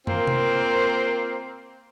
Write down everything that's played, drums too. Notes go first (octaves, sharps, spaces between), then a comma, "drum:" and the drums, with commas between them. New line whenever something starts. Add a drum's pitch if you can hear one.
A#3 C4 F4 A#4 C5, drum: tom
drum: tom C3